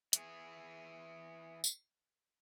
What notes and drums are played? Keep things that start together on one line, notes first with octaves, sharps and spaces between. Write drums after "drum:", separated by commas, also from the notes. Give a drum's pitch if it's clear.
E3 G#4, drum: hi-hat
drum: tambourine